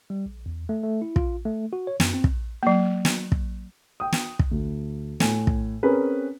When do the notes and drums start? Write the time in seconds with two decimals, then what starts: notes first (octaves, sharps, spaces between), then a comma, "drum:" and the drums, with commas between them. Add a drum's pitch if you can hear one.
0.10 G3
0.26 A#1
0.46 E2
0.69 A3
0.83 A3
1.02 E4
1.16 F4, drum: kick
1.45 A3
1.73 F#4
1.87 C#5
2.00 F#2, drum: snare
2.14 C4
2.24 drum: kick
2.63 F#3 A#3
3.05 drum: snare
3.32 drum: kick
4.00 G5 D#6
4.12 drum: snare
4.39 drum: kick
4.51 D2
5.20 A2 G#5, drum: snare
5.47 drum: kick
5.83 C4 C#4 G#4 A#4 B4